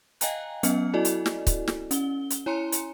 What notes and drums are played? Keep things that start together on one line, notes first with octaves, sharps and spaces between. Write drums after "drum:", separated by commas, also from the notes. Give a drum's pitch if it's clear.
D#5 F5 G5 G#5 A#5 F#6, drum: hi-hat
F#3 B3 C#4 D#5 F6 C#7, drum: hi-hat
E4 F#4 A4 D5 D#5 G#5
drum: hi-hat
drum: snare
drum: kick C#1, hi-hat
drum: snare
C#4 G7, drum: hi-hat
drum: hi-hat
E4 C#5 G#5 A#5 C6 C#7
drum: hi-hat